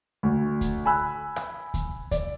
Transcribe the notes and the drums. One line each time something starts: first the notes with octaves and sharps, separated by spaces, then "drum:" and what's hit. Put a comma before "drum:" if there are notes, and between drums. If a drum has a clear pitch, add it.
D2
drum: kick D2, hi-hat
G#5 B5 E6 F#6
drum: rim click
drum: kick D2, hi-hat
D5, drum: kick D2, hi-hat